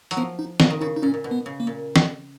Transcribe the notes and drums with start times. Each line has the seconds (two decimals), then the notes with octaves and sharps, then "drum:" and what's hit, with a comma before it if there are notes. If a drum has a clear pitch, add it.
0.11 F#3, drum: hi-hat
0.17 F3 B3
0.39 D#4
0.60 C#3 B3, drum: snare
0.70 D#3
0.81 C#3 D#4
0.96 D#4
1.02 A#2 C#4
1.14 A#2
1.24 B2
1.31 B3
1.46 C#3
1.60 A#3
1.67 A#2
1.96 drum: snare